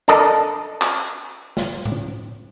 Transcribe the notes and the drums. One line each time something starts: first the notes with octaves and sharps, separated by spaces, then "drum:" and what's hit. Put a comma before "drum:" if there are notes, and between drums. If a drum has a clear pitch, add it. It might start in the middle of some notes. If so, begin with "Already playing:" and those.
D4 A4 A#4 D5 D#5 A5
drum: clap
drum: snare
drum: tom A2